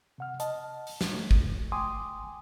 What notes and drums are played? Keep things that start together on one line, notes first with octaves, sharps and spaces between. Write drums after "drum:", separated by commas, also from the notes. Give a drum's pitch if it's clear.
C3 F#5 F6
D#5 A5, drum: hi-hat
drum: open hi-hat
drum: snare
A3
drum: kick
G5 G#5 C6 D6 D#6